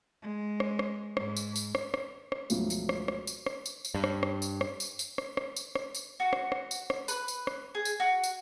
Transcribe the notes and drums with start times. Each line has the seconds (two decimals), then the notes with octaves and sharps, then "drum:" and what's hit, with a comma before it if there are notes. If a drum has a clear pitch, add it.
0.22 G#3
0.60 drum: rim click
0.79 drum: rim click
1.17 G#2, drum: rim click
1.37 drum: tambourine
1.56 drum: tambourine
1.75 drum: rim click
1.94 drum: rim click
2.32 drum: rim click
2.50 D2 G#2 B2 F3 F#3, drum: tambourine
2.70 drum: tambourine
2.89 drum: rim click
3.08 drum: rim click
3.27 drum: tambourine
3.46 drum: rim click
3.66 drum: tambourine
3.85 drum: tambourine
3.95 G2
4.04 drum: rim click
4.23 drum: rim click
4.42 drum: tambourine
4.61 drum: rim click
4.80 drum: tambourine
4.99 drum: tambourine
5.18 drum: rim click
5.37 drum: rim click
5.56 drum: tambourine
5.75 drum: rim click
5.95 drum: tambourine
6.20 F#4
6.33 drum: rim click
6.52 drum: rim click
6.71 drum: tambourine
6.90 drum: rim click
7.08 B4, drum: tambourine
7.28 drum: tambourine
7.47 drum: rim click
7.75 G#4
7.85 drum: tambourine
8.00 F#4
8.24 drum: tambourine